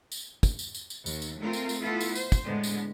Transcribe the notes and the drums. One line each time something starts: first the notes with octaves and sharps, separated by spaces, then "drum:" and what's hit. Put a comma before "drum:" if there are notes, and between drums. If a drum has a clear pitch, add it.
drum: tambourine
drum: kick, tambourine
drum: tambourine
drum: tambourine
drum: tambourine
D#2, drum: tambourine
drum: tambourine
A3 C4 F4 A#4
drum: tambourine
drum: tambourine
A3 B3 E4 F4 A4
drum: tambourine
C5, drum: tambourine
drum: kick, tambourine
A2 D3 G#3 B3
drum: tambourine